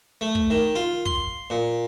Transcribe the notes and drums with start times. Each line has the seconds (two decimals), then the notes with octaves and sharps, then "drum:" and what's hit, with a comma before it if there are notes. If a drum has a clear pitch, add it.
0.21 A3
0.35 drum: kick
0.50 D#3
0.75 F4
1.05 C6, drum: kick
1.50 A#2